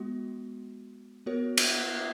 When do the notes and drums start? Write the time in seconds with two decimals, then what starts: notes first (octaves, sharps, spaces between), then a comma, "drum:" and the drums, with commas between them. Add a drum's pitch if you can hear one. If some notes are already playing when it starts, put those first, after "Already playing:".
Already playing: G#3 B3 F#4
1.26 B3 F#4 A#4 C#5
1.58 drum: cymbal